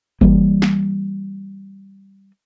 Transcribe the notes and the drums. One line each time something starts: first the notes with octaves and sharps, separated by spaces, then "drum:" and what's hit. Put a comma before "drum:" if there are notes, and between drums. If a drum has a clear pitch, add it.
E3 G3 A#3, drum: kick G1
drum: snare